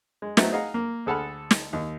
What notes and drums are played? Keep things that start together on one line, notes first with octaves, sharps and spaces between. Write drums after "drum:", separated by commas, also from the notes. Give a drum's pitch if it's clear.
G#3
F#3 A3 B3 C4 D#4 E4, drum: snare
G#4 D#5 F5 F#5 A#5
A#3
D2 G#4 A4 F#5 B5 F6
drum: snare
D#2